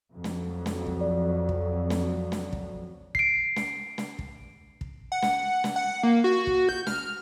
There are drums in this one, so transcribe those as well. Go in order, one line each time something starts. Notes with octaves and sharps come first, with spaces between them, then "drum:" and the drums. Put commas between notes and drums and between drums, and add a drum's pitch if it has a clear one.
F2 F#3
drum: snare
drum: snare
drum: kick
D5
drum: kick
drum: snare
drum: snare
drum: kick
C7 D7, drum: kick
drum: snare
drum: snare
drum: kick
drum: kick
F#5
drum: snare
drum: snare
F#5
A#3
F#4
drum: kick
G6
F6, drum: snare